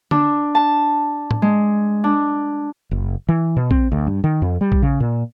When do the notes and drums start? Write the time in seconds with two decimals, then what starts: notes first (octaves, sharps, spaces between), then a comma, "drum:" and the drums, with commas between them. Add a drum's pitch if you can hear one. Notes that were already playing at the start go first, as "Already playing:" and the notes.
0.11 D4, drum: tom D3
0.55 A5
1.31 drum: tom
1.42 G#3
2.04 D4
2.91 F#1
3.29 E3
3.57 B2
3.71 C4, drum: kick
3.92 D2
4.07 G2
4.24 D#3
4.42 F2
4.61 G3
4.72 drum: kick
4.82 C#3
5.00 A#2